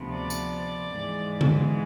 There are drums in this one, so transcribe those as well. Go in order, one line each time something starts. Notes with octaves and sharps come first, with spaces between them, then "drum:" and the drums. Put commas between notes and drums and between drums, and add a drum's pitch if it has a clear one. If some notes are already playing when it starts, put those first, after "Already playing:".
Already playing: D2 C3 F3 B3
D5
drum: tambourine
G#2 E3 G#3
drum: tom D3